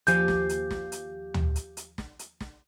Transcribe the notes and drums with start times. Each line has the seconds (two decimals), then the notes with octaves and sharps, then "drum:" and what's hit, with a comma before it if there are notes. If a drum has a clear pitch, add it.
0.07 D#2 F3 G4 F5 G#5 G6, drum: hi-hat
0.28 drum: snare
0.49 drum: hi-hat
0.71 drum: snare
0.92 drum: hi-hat
1.34 drum: tom
1.56 drum: hi-hat
1.77 drum: hi-hat
1.98 drum: snare
2.19 drum: hi-hat
2.41 drum: snare